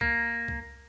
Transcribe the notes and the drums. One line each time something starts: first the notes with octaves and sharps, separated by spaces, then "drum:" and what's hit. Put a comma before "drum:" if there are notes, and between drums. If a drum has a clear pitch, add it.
A#3, drum: kick C2
drum: kick C2